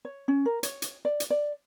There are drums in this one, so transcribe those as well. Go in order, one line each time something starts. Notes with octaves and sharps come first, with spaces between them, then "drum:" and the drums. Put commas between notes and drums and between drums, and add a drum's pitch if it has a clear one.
C#5
C#4
A#4
C#5, drum: hi-hat
drum: hi-hat
D5
drum: hi-hat
D5